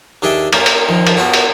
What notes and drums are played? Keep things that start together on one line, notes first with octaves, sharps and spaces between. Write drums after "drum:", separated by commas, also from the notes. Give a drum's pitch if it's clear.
D#2 D4 G#4 A4 E5 G5
A#3 C#4, drum: cymbal
drum: cymbal
D#3 F3
drum: cymbal
B3 F4 F#4 A4
drum: cymbal